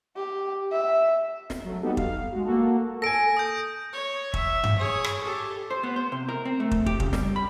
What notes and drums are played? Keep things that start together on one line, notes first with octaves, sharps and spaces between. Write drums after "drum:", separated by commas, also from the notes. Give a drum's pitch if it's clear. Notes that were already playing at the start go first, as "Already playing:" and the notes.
G4
E5
drum: snare
F#3 A3
G3 B3 D#4 F#4 G4 A4
F5, drum: kick
G#3 F#4
A#3 F#4 A4
A4 G#5 A#6 D7
D#6 G6
C#5
E5, drum: kick
drum: tom G2
G#4 C#5
drum: rim click
G4 A4
C5
B3
C5
C3
A#4
C4
A3
drum: kick
G4, drum: kick
C#3, drum: kick
G3, drum: snare
B5